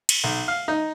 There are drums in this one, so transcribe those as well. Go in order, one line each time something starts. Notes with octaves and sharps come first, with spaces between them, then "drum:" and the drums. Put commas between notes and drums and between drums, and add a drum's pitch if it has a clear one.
drum: cymbal
B1
F5
D#4